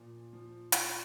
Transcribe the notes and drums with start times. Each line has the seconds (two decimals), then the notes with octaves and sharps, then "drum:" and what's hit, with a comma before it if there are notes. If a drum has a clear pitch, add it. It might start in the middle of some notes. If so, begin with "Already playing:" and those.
Already playing: A#2 F3
0.33 F3
0.72 F4, drum: hi-hat